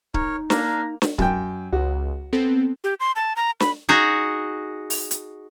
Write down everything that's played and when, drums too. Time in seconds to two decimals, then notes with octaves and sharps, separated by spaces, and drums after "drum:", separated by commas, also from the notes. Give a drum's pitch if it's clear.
0.14 D#4 A#4 C#5, drum: kick C#1
0.50 A#3 D4 F5 A#5, drum: snare
1.02 drum: snare
1.18 F#2 G5, drum: kick C#1
1.72 C#2 F#4
2.33 B3 C4 A4
2.84 G4
3.00 C6
3.16 A5
3.36 A#5
3.60 B5, drum: snare
3.89 D#4 F#4 G#4
4.90 drum: open hi-hat
5.11 drum: hi-hat